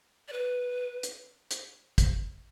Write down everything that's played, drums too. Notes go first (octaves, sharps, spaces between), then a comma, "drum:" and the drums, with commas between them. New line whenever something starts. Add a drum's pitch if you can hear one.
D5
B4
drum: hi-hat
drum: hi-hat
drum: kick, hi-hat